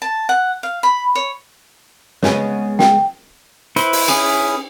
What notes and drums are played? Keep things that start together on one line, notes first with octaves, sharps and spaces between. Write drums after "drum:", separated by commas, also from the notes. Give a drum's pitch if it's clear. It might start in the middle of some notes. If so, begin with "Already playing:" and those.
A5
F#5
F5
B5
C#5
C#3 G#3 B3 C#5 G#5, drum: snare
G5, drum: snare
E4 B4 C5, drum: hi-hat
drum: open hi-hat
C#4 E4 G#4 B4, drum: cymbal